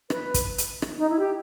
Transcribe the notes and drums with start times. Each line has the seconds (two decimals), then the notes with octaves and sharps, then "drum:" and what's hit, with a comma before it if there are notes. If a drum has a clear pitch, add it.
0.10 B4, drum: rim click
0.34 drum: kick, hi-hat
0.58 drum: hi-hat
0.82 drum: rim click
0.99 D#4
1.10 E4
1.19 G4